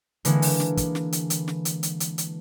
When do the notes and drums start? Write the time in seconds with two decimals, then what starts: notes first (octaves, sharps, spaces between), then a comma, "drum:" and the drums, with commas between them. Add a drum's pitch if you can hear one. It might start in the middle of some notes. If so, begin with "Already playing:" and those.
0.25 D3 E3 G#3 A#3, drum: hi-hat
0.42 drum: open hi-hat
0.60 drum: snare
0.77 drum: kick, hi-hat
0.95 drum: snare
1.12 drum: hi-hat
1.30 drum: hi-hat
1.48 drum: snare
1.65 drum: hi-hat
1.83 drum: hi-hat
2.00 drum: hi-hat
2.18 drum: hi-hat